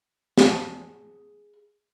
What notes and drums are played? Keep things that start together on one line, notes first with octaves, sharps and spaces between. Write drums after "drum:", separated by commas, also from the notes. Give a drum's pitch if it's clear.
G#4 G#5 A5, drum: snare